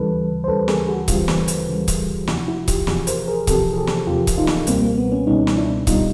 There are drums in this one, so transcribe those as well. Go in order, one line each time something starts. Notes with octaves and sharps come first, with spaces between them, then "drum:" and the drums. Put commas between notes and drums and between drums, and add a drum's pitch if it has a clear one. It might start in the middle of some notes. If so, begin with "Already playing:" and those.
Already playing: D2 C#3 E3 G3 A4 B4
C5
D2 C#3 E3 G3 A4 B4
G#4 A#4, drum: snare
F#4 G#4
D2 C#3 E3 G3 F4 G4, drum: kick C#1, hi-hat
drum: snare
drum: hi-hat
D2 C#3 E3 G3
drum: kick C#1, hi-hat
E2 C3 F3 E4 F#4, drum: snare
E4 F#4
F4 G4, drum: kick C#1, hi-hat
E2 C3 F3 F#4 G#4, drum: snare
A#4 C5, drum: hi-hat
G#4 A#4
E2 C3 F3 G4 A4, drum: kick C#1, hi-hat
G#4
G4 A4
drum: snare
E2 C3 F3 F4 G4
drum: kick C#1, hi-hat
D#4 F4
drum: snare
C#2 B2 G3 A#3 C4, drum: hi-hat
A#3
B3
B3 C#4
C#2 B2 G3 C#4 D#4
drum: snare
D4 E4
C#2 B2 G3 D#4 F4, drum: kick C#1, hi-hat